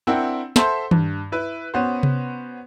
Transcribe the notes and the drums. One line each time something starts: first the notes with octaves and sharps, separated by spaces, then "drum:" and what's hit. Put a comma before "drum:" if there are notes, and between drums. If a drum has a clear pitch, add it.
C4 D4 E4 A#4 F#5 G5
A4 C5 E5 F#5 C6 G6, drum: snare
G2, drum: tom D#3
E4 B4
B3 C#4 F#4 B4 C5
drum: tom C3